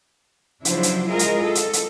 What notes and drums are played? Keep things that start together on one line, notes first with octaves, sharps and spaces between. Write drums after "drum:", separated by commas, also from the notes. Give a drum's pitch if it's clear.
C#3 F3 F#3 D4 E4 C5, drum: hi-hat
drum: hi-hat
G#3 E4 F4 G#4 A#4 D#5
drum: hi-hat
A4
drum: hi-hat
drum: hi-hat